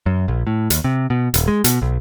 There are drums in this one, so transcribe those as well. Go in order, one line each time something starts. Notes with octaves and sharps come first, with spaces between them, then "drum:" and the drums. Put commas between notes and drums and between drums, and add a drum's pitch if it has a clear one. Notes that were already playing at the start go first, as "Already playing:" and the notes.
F#2
A#1
A2
D#2, drum: hi-hat
C3
B2
D#1, drum: hi-hat
G#3
B2, drum: hi-hat
B1